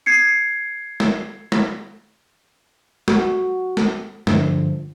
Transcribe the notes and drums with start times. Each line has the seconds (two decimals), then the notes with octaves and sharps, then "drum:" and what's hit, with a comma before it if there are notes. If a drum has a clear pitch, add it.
0.06 G#6 C7 C#7
1.00 drum: snare
1.52 drum: snare
3.08 F#4, drum: snare
3.77 drum: snare
4.27 G2 D3 D#3 F3, drum: snare